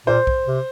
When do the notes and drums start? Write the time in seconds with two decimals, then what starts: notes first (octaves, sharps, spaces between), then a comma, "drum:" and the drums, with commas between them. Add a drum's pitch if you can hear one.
0.06 A#2 C5
0.27 drum: kick B1
0.47 C3